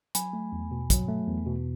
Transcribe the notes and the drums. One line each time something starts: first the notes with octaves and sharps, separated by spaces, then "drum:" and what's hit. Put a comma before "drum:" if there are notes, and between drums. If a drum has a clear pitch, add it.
F#3 G#5 B5, drum: hi-hat
A3
E2
B2
F#3, drum: kick, hi-hat
A3
E2
B2